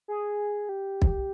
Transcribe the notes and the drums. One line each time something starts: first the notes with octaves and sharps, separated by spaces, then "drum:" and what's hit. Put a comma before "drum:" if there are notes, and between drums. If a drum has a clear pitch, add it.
G#4
G4
drum: kick